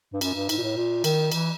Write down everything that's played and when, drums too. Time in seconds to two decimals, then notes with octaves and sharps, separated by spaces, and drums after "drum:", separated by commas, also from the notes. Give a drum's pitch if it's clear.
0.13 G2
0.21 F#2, drum: cymbal
0.34 G2
0.49 G#2, drum: cymbal
0.58 A#2
0.63 A2
0.76 A#2
1.04 D#3, drum: cymbal
1.32 E3, drum: cymbal